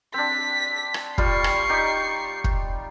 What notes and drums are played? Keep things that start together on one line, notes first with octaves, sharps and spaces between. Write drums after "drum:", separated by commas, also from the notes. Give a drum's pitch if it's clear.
C4 D4 B6
drum: rim click
G3 F4 C#6 C7, drum: kick
drum: rim click
D#4 G4 D5
drum: kick